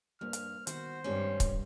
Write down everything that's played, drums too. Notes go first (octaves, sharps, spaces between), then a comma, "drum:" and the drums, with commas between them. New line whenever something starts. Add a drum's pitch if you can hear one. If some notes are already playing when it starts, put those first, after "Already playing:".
G2 G3 A#3 C5 F6
drum: hi-hat
D#3 B3 F#4 C5, drum: hi-hat
D2 G2 G#3 C4 C#4 G4
drum: kick C#1, hi-hat